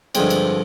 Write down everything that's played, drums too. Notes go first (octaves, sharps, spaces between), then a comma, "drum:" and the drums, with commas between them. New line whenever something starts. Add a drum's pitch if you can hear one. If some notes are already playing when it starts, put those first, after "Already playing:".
G2 D3 F3 G#3 C4, drum: cymbal
drum: cymbal